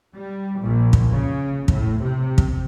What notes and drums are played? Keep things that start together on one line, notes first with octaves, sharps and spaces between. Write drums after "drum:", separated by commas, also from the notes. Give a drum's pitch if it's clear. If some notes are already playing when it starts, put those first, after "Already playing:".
G3
A#1
drum: kick
C#3
A2, drum: kick
C3
drum: kick